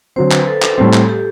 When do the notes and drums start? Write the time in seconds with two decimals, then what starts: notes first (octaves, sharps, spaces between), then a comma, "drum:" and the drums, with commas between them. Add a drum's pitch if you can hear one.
0.16 D3 F#3 C4 C5
0.31 B4, drum: clap
0.47 A4
0.62 drum: clap
0.78 A2 G3 C4
0.93 drum: clap
1.09 G4